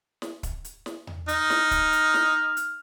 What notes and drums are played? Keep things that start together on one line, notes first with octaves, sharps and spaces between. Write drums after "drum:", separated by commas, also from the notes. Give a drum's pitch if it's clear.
drum: snare
drum: kick, hi-hat
drum: hi-hat
drum: snare
drum: tom E2
D#4 F6, drum: hi-hat
drum: snare
drum: kick, hi-hat
drum: hi-hat
drum: snare
drum: hi-hat